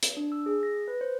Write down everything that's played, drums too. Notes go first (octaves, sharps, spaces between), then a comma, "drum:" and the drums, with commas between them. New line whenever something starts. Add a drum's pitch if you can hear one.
drum: hi-hat
D4
E6
G#4
A#6
B4
C5